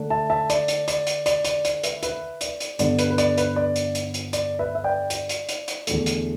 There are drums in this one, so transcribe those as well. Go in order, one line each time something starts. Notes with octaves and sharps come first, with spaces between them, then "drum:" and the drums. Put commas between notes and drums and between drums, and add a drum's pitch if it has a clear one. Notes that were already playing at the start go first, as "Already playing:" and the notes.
Already playing: D3 A3 D4
E5 A5
E5 A5
D5, drum: hi-hat
drum: hi-hat
D5, drum: hi-hat
drum: hi-hat
D5, drum: hi-hat
D5, drum: hi-hat
D5, drum: hi-hat
B4 E5, drum: hi-hat
B4 E5, drum: hi-hat
D5, drum: hi-hat
drum: hi-hat
G2 D3 B3 D5, drum: hi-hat
B4, drum: hi-hat
B4
D5, drum: hi-hat
B4, drum: hi-hat
D5
drum: hi-hat
drum: hi-hat
drum: hi-hat
D5, drum: hi-hat
B4 E5
E5
D5 G5
D5, drum: hi-hat
drum: hi-hat
drum: hi-hat
drum: hi-hat
E2 D3 A3, drum: hi-hat
drum: hi-hat